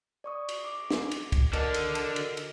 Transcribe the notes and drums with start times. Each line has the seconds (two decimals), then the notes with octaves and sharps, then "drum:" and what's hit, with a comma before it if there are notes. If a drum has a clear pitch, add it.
0.24 D5 C#6 D#6
0.49 drum: cymbal
0.65 D6
0.90 drum: snare
1.11 drum: cymbal
1.32 drum: kick, cymbal
1.53 D3 A4 A#4 D#5 F6, drum: cymbal
1.74 drum: cymbal
1.95 drum: cymbal
2.16 drum: cymbal
2.37 drum: cymbal